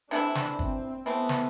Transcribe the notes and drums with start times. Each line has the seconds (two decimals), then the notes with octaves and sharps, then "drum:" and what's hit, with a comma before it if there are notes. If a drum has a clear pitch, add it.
0.11 C3 E3 A3 D4 E4
0.35 drum: snare
0.59 C4, drum: kick
1.05 E3 A3 B3 C4
1.29 drum: snare